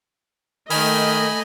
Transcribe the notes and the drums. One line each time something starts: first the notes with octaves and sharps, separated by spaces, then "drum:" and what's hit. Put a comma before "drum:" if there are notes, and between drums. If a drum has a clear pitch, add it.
D#3 A3 D#5 G#5 B5, drum: open hi-hat